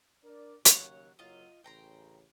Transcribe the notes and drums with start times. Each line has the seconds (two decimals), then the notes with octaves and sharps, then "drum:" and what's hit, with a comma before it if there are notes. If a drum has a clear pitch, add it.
0.24 D4 A#4 D5
0.65 D#2 C#3 F#3 C#5 F#5, drum: hi-hat
1.19 F#1 F#3 F4 D#5
1.64 A1 C#3 G5 A#5 C6